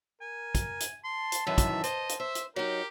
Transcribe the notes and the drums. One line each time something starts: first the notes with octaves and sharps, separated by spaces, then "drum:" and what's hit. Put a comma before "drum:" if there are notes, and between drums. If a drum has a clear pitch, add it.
A#4 G#5
drum: kick, hi-hat
drum: hi-hat
A5 C6
drum: hi-hat
F#2 D#3 E3 E5
drum: kick, hi-hat
C5 D#5, drum: hi-hat
drum: hi-hat
C5 E5
drum: hi-hat
F#3 D#4 G4 A#4